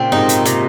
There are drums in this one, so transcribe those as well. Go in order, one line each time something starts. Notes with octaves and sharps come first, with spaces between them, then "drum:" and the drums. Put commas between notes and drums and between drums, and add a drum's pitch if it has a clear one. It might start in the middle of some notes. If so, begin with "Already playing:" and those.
Already playing: A#2 C#3 C4
G#2 C3 D#4
drum: hi-hat
C3, drum: hi-hat